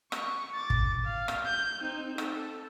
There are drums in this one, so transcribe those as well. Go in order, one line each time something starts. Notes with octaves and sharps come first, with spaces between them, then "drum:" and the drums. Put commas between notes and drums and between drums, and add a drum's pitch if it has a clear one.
C#6, drum: rim click
D6 A6
drum: kick
F5
drum: rim click
G6
C4 D#4
A4, drum: rim click